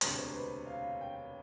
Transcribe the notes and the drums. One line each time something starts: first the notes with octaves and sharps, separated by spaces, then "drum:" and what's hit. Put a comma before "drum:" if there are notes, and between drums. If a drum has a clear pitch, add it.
E1 D2 C3 C#5, drum: hi-hat
C5
B4
F5
G5